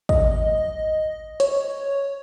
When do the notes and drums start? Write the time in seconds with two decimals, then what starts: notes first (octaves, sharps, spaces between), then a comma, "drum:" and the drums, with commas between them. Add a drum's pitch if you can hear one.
0.09 D#5, drum: kick
1.40 C#5, drum: hi-hat